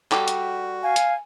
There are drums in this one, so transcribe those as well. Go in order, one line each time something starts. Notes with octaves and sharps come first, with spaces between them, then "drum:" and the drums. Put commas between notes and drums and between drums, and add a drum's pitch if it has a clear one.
G3 F#4 G4 A4, drum: clap
drum: hi-hat
F5 G#5
drum: hi-hat